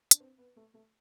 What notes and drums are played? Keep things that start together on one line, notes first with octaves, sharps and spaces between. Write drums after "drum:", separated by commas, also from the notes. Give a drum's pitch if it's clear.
D4, drum: hi-hat
C4
B3
A3
A3